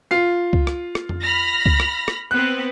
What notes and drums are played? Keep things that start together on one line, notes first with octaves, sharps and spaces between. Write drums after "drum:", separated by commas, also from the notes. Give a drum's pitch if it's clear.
F4 C7
drum: kick C#2
drum: rim click
drum: rim click
drum: tom F2
B5 F6 A#6
drum: kick C#2
drum: rim click
drum: rim click
B3 C4 B4 F#6